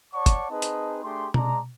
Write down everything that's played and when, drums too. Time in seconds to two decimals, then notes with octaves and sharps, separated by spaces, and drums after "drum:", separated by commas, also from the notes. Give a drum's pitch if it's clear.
0.14 C#5 D5 F#5 A5 C#6
0.26 drum: kick, hi-hat
0.50 C4 D#4 G#4 B4 D#5 A5
0.62 drum: hi-hat
1.03 A3 D4 G4 G#4 C6
1.34 G#3 D5 A5 A#5, drum: tom B2